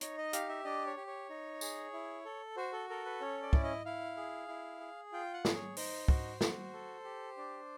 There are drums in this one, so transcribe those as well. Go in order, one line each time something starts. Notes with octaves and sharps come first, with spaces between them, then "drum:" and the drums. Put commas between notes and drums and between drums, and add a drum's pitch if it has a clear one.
D#4 C#5, drum: hi-hat
D#5
G4 F5, drum: hi-hat
E5
D4 D#5
C#5
G4
C#5
D#4
G#4, drum: tambourine
E4
A4
F#4 C5
A4
A4 A#4
B4
C#4 C#5
D5
E4, drum: kick
D#5
E4 F5
G#4
E4
G#4
F4 G5
F#5
G#4, drum: snare
C#5
D#4 C5, drum: open hi-hat
F#4, drum: kick
F#4, drum: snare
A4
G4
D4